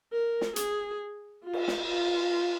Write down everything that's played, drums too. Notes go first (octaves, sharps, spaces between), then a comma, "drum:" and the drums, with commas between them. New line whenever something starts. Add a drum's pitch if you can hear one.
A#4
drum: snare
G#4, drum: hi-hat
F4
drum: cymbal
drum: snare
F4